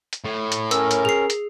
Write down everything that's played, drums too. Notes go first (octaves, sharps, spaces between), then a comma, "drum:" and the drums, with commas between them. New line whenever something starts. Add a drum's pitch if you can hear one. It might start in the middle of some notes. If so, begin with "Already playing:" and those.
drum: hi-hat
A2
drum: hi-hat
C#4 A#4 E6, drum: hi-hat
drum: hi-hat
G#4 C7
drum: hi-hat